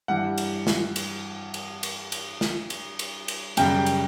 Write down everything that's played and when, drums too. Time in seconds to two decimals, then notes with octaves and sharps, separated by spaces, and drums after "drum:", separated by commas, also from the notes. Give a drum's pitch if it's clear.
0.08 G2 E3 G3 F#5
0.38 drum: cymbal
0.67 drum: snare
0.96 drum: cymbal
1.54 drum: cymbal
1.83 drum: cymbal
2.12 drum: cymbal
2.41 drum: snare
2.70 drum: cymbal
2.99 drum: cymbal
3.28 drum: cymbal
3.57 F#2 C#3 G3 G5, drum: cymbal
3.86 drum: cymbal